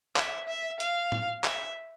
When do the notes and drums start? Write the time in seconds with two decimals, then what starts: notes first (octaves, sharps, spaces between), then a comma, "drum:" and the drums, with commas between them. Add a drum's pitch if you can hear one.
0.16 E5, drum: clap
0.48 E5
0.80 F5, drum: hi-hat
1.12 drum: tom A2
1.44 E5, drum: clap